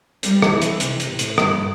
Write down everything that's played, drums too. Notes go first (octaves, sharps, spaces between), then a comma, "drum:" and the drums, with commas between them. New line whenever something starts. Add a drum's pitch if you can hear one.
G3, drum: hi-hat
drum: rim click
E3
drum: hi-hat
C3, drum: hi-hat
drum: hi-hat
A2
drum: hi-hat
G2, drum: rim click